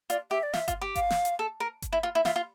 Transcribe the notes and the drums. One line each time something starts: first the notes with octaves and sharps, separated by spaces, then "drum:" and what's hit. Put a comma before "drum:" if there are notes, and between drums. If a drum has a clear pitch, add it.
F4 D5, drum: hi-hat
G4 E5
D5
F4 E5, drum: snare
F4, drum: kick G1, hi-hat
G4
F5, drum: kick G1, hi-hat
drum: snare
drum: hi-hat
A4
A#4
drum: kick G1, hi-hat
E4
F4
E4
F4 E5, drum: snare
F4